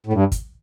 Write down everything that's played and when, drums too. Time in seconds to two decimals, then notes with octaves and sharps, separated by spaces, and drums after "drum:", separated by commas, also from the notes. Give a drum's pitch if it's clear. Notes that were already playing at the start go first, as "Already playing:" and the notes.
0.07 A2
0.13 G2
0.32 drum: kick, hi-hat